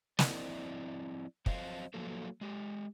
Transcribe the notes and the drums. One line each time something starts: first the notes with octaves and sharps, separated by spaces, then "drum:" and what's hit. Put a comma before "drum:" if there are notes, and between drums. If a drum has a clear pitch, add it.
F3 G3 C4 E4 D5 D#5, drum: snare
F3 F#3 C4 C5 D#5 F5, drum: kick
F3 F#3 A#3 A4
G#3 G4